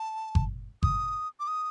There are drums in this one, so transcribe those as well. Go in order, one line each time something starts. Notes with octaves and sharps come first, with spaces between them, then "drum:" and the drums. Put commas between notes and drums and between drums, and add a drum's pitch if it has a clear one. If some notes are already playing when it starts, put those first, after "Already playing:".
Already playing: A5
drum: kick G1
D#6, drum: kick G1
D6
D#6